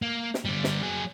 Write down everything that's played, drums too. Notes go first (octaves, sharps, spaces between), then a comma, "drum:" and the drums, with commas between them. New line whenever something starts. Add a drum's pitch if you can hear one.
A#3
drum: snare
D3 G3
drum: snare
F#3 G#4